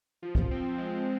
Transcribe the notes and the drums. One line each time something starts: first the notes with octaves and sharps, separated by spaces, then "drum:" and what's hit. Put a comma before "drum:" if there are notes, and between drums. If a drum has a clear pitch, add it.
F3
drum: kick C2
C4
G#3